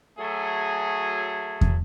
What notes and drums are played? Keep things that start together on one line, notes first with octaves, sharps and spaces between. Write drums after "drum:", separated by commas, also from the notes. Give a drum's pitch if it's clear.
F#3 A3 G#4
drum: kick E2